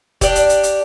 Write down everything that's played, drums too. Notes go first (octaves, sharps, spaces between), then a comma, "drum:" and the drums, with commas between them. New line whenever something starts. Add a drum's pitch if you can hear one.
D4 G4, drum: kick F1, hi-hat
drum: hi-hat
drum: hi-hat
drum: hi-hat